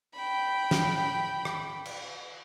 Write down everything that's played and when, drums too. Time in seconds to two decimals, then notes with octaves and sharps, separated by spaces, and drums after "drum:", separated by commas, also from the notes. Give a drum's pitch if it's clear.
0.15 G5 B5
0.71 drum: snare
1.45 drum: rim click
1.85 drum: cymbal